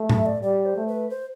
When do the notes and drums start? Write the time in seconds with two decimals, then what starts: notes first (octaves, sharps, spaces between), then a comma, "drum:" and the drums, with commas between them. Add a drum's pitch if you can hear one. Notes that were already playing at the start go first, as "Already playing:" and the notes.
Already playing: A3
0.10 E5, drum: tom A2
0.26 D5
0.43 G3 D5
0.66 C5
0.76 A3
0.88 B4
1.10 C5